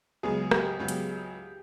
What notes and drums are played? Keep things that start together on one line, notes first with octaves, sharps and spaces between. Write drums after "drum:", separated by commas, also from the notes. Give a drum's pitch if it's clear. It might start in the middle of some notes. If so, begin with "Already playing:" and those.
C#2 C#3 F#3 B3 G#4
G4, drum: rim click
C#2 C#3 F#3 B3
drum: hi-hat